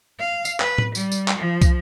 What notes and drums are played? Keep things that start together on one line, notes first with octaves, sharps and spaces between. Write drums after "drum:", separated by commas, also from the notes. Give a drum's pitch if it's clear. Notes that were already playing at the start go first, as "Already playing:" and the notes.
F5
drum: tambourine
B4, drum: clap
drum: tom A2
G3, drum: tambourine
drum: tambourine
drum: clap
F3
drum: kick, tambourine